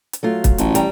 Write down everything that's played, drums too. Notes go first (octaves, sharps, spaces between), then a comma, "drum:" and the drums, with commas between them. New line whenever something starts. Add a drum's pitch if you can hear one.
drum: hi-hat
F#3 A3 F4
drum: kick, hi-hat
A1, drum: hi-hat
G3 G5 A#5, drum: hi-hat